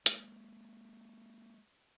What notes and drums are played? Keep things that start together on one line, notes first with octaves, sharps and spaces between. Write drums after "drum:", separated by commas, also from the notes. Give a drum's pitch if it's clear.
G#3 A#3, drum: hi-hat